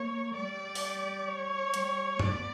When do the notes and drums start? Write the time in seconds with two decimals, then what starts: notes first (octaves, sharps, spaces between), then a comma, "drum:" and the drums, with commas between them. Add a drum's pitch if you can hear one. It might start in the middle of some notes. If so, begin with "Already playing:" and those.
Already playing: A#3 C#5
0.35 G3 D5
0.75 drum: open hi-hat
1.28 C#5
1.74 G3, drum: hi-hat
2.19 B3 D5, drum: tom F#2